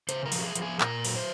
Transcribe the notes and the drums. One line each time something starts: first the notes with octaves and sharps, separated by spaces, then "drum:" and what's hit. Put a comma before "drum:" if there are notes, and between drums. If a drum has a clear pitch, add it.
C#3 C5, drum: hi-hat
A#4
F3, drum: open hi-hat
F#4
G#4
F3, drum: hi-hat
G#4
A#2 A#4, drum: clap
F#3, drum: open hi-hat
C5